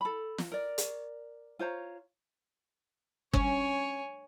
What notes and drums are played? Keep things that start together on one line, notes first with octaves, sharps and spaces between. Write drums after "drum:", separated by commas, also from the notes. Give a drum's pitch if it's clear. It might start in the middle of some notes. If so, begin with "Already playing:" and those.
A4 B5
drum: snare
A#4 D5
drum: hi-hat
F4 C5 C#5 A#5
C#4 C#5 G#5, drum: kick G1